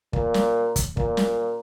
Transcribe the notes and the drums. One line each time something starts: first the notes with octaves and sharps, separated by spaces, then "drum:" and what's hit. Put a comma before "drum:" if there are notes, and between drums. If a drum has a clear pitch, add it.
A#2, drum: kick
drum: snare
drum: kick, hi-hat
A#2, drum: kick
drum: snare